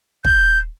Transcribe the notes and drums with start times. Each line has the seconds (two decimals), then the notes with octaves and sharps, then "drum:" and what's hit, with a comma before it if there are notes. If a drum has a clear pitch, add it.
0.25 G6, drum: kick